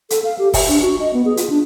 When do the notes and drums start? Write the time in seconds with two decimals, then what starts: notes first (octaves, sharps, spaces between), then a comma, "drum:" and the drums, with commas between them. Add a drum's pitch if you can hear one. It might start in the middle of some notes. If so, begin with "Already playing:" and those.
0.10 A4, drum: hi-hat
0.24 F5
0.39 G4
0.54 E5, drum: kick, open hi-hat
0.68 D4
0.82 F#4
1.00 D#5
1.13 B3
1.25 G#4
1.37 F4, drum: hi-hat
1.50 D4